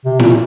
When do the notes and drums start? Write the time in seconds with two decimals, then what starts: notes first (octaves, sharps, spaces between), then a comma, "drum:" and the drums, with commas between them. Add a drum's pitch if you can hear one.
0.05 C3
0.20 A#2, drum: snare E4